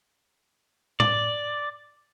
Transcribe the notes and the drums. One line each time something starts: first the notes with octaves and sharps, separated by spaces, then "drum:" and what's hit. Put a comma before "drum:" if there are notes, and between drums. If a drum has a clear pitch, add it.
D5, drum: tom A2